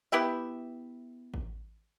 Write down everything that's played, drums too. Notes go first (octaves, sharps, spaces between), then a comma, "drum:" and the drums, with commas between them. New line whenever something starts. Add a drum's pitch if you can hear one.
B3 E4 G4 E5
drum: kick A1